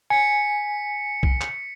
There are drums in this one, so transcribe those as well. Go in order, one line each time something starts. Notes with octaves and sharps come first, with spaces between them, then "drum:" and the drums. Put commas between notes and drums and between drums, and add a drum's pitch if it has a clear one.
G#5 B6 C#7
drum: kick B1
drum: clap